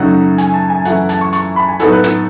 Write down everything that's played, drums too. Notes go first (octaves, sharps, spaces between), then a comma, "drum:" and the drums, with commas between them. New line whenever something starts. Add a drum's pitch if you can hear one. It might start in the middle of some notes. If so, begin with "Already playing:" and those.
Already playing: F#2 C#3 F#3 A3 D#4 F#5
G#5, drum: hi-hat
A5
G#5
F#2 E3 A3 E4 F#5, drum: hi-hat
A5, drum: hi-hat
C#6
C#6, drum: hi-hat
B5
G#5
A2 F#3 B3 D#4 A4, drum: hi-hat
B4
B4, drum: snare